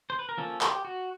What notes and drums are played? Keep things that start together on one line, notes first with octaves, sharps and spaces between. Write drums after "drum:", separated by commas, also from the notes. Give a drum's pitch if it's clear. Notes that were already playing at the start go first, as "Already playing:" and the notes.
C5
B4
A#4
F3 A#3 C#4 A4
G4, drum: clap
F#4